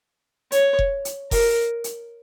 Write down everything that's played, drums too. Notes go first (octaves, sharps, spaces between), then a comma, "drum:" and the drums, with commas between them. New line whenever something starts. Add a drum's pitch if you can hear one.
C#5, drum: hi-hat
drum: kick F1
drum: hi-hat
A#4, drum: kick F1, open hi-hat
drum: hi-hat